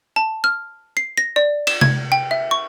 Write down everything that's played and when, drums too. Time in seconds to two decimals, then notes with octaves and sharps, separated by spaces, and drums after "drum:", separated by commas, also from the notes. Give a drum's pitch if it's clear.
0.16 A5
0.44 F6
0.97 C7
1.17 A#6
1.36 D5
1.67 E7, drum: cymbal
1.81 G#6, drum: tom C3
2.12 G5
2.31 E5
2.51 C#6